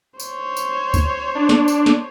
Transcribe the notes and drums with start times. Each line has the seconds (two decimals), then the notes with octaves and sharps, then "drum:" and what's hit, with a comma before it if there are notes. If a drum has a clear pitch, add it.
0.20 C5 C#5, drum: tambourine
0.57 drum: tambourine
0.94 drum: kick D2, tambourine
1.35 D4
1.49 drum: snare
1.68 drum: tambourine
1.86 drum: snare